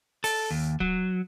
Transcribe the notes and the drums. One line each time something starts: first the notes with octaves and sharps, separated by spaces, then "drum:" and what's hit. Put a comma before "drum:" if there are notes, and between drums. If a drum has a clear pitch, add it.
A4, drum: open hi-hat
D#2
F#3, drum: kick